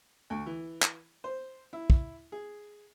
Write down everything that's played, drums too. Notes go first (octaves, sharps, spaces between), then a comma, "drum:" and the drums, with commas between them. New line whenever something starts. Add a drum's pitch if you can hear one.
D2
E3
drum: clap
C5
E4
drum: kick
G#4